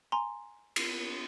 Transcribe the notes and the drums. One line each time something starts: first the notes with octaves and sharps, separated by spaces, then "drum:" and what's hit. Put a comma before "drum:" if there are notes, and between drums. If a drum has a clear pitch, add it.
G#5 A#5 C6
drum: cymbal